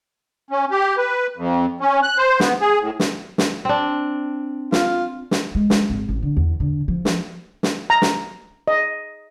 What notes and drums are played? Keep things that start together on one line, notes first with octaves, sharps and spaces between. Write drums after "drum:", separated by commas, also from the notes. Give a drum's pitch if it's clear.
C#4
G4
B4
F2
C#4
F#6
C5
B3, drum: snare
G#4
A2
drum: snare
drum: snare
C4 D4
F4, drum: snare
drum: snare
G#3
drum: snare
G#1
A1
D3
E2
D3
F3
drum: snare
drum: snare
A#5
drum: snare
D#5